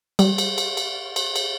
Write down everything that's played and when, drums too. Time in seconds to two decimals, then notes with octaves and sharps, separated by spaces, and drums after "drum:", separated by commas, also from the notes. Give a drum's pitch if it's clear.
0.19 G3, drum: cymbal
0.38 drum: cymbal
0.58 drum: cymbal
0.77 drum: cymbal
1.16 drum: cymbal
1.36 drum: cymbal